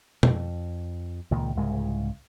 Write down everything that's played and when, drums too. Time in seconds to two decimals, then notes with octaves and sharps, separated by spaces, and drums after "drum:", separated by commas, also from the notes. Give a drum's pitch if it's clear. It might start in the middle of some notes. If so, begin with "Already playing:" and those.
0.23 F2, drum: tom
1.31 C#2 A#2 D#3
1.57 C2 G#2 C#3 G#3